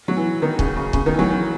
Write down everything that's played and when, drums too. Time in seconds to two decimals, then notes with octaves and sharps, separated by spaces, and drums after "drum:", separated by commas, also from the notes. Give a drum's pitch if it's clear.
0.08 F#3
0.17 E3
0.42 D#3
0.59 C#3, drum: kick
0.76 C#3
0.93 C#3, drum: kick
1.06 D#3
1.14 E3
1.19 F#3
1.31 E3